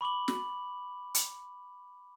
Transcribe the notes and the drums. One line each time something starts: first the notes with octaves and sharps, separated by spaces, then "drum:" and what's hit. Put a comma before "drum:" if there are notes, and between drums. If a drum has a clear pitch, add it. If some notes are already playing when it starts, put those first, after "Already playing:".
B5 C#6 D6 F#7
drum: snare
drum: hi-hat